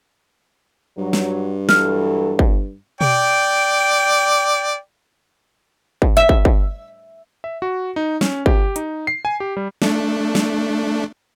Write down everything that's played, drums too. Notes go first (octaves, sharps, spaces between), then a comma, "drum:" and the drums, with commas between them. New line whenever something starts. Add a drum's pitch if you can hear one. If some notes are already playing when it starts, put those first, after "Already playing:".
G2 F#3
drum: snare
E3 F#3 A4 F6, drum: snare
drum: kick
D5 G5, drum: tom B2
drum: kick
E5
drum: kick
drum: kick
E5
F#4
D#4
C#4, drum: snare
G4, drum: kick
D#4, drum: hi-hat
C7
G#5
G4
G3
A3 D4, drum: snare
drum: snare